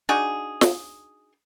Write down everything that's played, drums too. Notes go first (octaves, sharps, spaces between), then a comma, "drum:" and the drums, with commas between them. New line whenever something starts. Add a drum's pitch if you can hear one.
D4 D#4 F#4 G#4
drum: snare